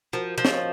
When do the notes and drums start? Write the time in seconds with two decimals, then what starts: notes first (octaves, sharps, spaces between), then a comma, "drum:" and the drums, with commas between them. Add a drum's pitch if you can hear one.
0.13 F3 F#4 A#4
0.38 F3
0.45 D#5, drum: snare
0.53 C#5